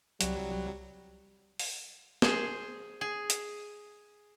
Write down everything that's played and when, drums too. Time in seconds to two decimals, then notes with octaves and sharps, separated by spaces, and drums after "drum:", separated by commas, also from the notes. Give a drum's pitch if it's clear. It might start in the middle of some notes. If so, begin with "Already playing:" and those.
0.21 C2 F#3 G3, drum: hi-hat
1.59 drum: open hi-hat
2.22 G#4 C5, drum: snare
3.01 G#4
3.30 drum: hi-hat